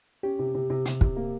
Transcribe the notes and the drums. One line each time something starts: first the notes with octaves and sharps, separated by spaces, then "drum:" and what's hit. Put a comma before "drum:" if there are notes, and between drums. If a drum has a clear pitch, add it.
C#4 G4
C3
C3
C3
C3, drum: hi-hat
C3, drum: kick
A#3